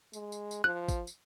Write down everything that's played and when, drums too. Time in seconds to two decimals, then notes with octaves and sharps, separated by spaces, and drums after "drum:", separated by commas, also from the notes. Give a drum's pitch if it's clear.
0.13 G#3, drum: tambourine
0.32 drum: tambourine
0.51 drum: tambourine
0.64 F3 F#6
0.88 drum: kick, tambourine
1.07 drum: tambourine